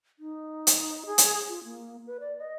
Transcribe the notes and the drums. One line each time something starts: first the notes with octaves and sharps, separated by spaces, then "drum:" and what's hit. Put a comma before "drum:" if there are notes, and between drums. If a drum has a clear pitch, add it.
D#4
drum: hi-hat
G#4
drum: hi-hat
F4
A#3
B4
D5
D#5